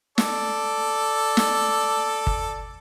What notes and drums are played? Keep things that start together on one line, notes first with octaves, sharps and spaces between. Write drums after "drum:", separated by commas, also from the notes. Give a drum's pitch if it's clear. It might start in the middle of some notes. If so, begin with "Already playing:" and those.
A4 D5, drum: snare
drum: snare
drum: kick G1